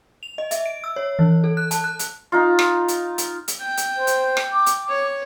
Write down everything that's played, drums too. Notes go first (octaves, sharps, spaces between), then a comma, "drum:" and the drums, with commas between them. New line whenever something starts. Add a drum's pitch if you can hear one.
F7
D#5
E5, drum: hi-hat
D7
E6
C#5
E3
A4
F#6
A5, drum: hi-hat
F#6
drum: hi-hat
D#4 F4
drum: rim click
drum: hi-hat
drum: hi-hat
drum: hi-hat
G5
drum: hi-hat
C5
drum: hi-hat
drum: rim click
D6
drum: hi-hat
C#5